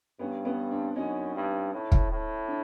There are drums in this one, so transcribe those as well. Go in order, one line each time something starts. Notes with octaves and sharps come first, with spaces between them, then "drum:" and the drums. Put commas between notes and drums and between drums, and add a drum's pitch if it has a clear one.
G2 B3 C#4
B3 C#4
C4 D4
F#2 C#4 D#4
G2
A2
drum: kick
A2
D4